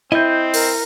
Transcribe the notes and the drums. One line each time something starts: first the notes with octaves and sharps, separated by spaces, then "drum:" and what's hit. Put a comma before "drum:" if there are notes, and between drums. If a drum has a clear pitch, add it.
C4 E4 D#5 G6
A#4, drum: open hi-hat